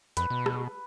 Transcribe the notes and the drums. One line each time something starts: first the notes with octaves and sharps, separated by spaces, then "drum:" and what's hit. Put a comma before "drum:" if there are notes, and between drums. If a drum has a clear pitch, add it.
F2 B4, drum: hi-hat
B2
drum: rim click